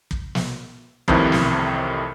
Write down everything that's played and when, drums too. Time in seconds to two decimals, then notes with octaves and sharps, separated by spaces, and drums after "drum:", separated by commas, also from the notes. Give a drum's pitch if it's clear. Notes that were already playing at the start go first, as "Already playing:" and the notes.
0.11 drum: kick
0.35 drum: snare
1.08 C2 F2 A2 C3 D#3 E3, drum: kick
1.32 drum: snare